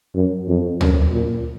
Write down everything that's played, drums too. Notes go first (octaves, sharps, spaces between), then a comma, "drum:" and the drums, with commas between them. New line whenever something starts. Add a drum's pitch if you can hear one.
F#2
F2
F#2, drum: tom
A#2